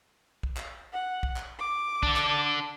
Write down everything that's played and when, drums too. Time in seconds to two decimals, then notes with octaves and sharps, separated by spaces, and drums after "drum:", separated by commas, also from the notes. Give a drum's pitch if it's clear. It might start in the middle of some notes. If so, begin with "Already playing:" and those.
0.43 drum: kick
0.57 drum: clap
0.93 F#5
1.23 drum: kick
1.36 drum: clap
1.59 D6
2.03 D4 A4, drum: kick
2.16 drum: clap